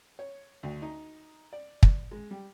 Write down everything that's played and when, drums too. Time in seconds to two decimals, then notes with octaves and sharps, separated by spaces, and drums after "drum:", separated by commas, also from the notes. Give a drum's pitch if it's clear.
0.19 C#5
0.63 D2
0.82 D#4
1.53 D5
1.83 drum: kick
2.11 G#3
2.31 G3